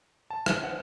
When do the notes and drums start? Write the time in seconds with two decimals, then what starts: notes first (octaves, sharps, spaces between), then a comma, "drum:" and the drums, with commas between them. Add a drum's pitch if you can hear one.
0.30 A5
0.46 drum: rim click
0.64 F#5